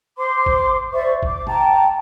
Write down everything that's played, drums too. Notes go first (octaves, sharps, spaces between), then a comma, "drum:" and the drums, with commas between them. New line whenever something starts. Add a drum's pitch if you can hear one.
C5 C6 D6
drum: kick
C5 D5 E5 C#6
D6, drum: kick
G5 A5 A#5, drum: tom